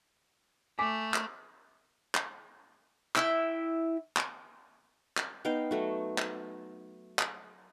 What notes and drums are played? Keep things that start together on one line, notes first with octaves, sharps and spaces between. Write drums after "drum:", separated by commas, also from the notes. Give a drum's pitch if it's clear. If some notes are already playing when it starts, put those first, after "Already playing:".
A3 G#5 D6 B6
drum: clap
drum: clap
E4 E5 G5, drum: clap
drum: clap
drum: clap
B3 D#4 F5 G5
F#3 A3 F#4
drum: clap
drum: clap